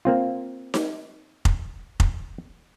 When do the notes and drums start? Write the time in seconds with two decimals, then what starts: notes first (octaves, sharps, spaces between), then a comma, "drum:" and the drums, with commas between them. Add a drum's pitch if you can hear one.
0.05 A#3 C4 F4
0.74 drum: snare D#4
1.45 drum: kick F1
2.00 drum: kick F1